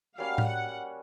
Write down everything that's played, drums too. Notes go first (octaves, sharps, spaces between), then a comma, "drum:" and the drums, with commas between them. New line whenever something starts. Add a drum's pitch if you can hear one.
G3 A#3 C#4 F#4 F5
drum: tom A2
F#5